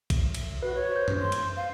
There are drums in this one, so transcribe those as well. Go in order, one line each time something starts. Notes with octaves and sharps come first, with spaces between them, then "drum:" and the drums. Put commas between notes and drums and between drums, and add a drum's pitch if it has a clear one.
drum: kick B1, cymbal
drum: cymbal
F#4 B4
C#5
C5 G6
drum: tom F#2
C6
drum: cymbal
F5